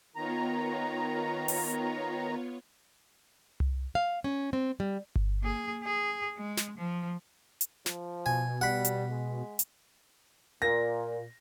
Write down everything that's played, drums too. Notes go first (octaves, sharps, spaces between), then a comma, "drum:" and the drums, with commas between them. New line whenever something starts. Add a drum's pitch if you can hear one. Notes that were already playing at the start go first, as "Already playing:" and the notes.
D#3 B3 F4 C#5 A#5
drum: open hi-hat
drum: tom C2
F5
C#4
C4
G3
drum: kick G1
A#3 G#4
G#4
G#3
drum: snare
F3
drum: hi-hat
F3, drum: snare
B2 G#5
G3 F#5 B5
drum: hi-hat
G#3
drum: hi-hat
A#2 A#6